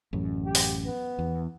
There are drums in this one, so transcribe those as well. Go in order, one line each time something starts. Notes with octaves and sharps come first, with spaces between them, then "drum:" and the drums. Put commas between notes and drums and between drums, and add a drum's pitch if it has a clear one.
A1 F#2
G4
drum: open hi-hat
B3
E2